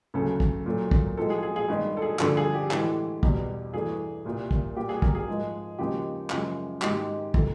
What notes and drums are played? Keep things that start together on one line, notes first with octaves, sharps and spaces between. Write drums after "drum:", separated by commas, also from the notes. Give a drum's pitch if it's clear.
D2 C#3 F#3 A3 A4
drum: kick
A#2 F#3 A3
drum: kick
A2 F3 G#3 A4
G#4
G#4
G#4
G2 D#3 G#3
A4
G#4
G2 D3 F3 A4, drum: clap
G#4
G4
A2 E3 G#3, drum: clap
E2 B2 G3, drum: kick
G2 E3 A3 G#4
C2 A#2 G3
drum: kick
A#2 G3 G4
G#4
A#4, drum: kick
G#4
G#2 F3 G#3
D#2 C#3 F3 G#3 G4
F#2 C#3 F3 G#3, drum: clap
G#2 D#3 G#3 G4, drum: clap
C3 F3 A3, drum: kick